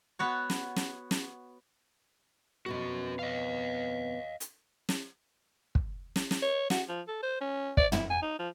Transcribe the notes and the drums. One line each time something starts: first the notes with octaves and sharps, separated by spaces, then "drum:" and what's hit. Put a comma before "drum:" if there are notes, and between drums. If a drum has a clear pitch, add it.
B3 F#4 C#5
drum: snare
drum: snare
drum: snare
F2 B2 B3 C#4 F#4
D#5 F5
drum: hi-hat
drum: snare
drum: kick
drum: snare
drum: snare
C#5
F#4, drum: snare
F3
A4
C5
C#4
D5, drum: kick
E4, drum: tom
G#5
D#4
F3